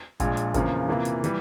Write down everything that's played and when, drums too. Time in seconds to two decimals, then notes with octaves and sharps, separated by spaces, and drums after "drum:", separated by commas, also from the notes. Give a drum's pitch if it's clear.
0.20 A#1 A#2 G#3, drum: kick, hi-hat
0.37 drum: hi-hat
0.54 E2 C#3 F3 A#3, drum: kick, hi-hat
0.88 C3 E3 A#3 F4
1.05 drum: hi-hat
1.24 E3 G3, drum: hi-hat